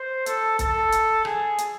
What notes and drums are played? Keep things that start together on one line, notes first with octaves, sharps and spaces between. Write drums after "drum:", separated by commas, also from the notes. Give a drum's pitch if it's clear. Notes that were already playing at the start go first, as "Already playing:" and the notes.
Already playing: C5
A4, drum: hi-hat
A4, drum: kick, hi-hat
drum: hi-hat
G#4, drum: rim click
drum: hi-hat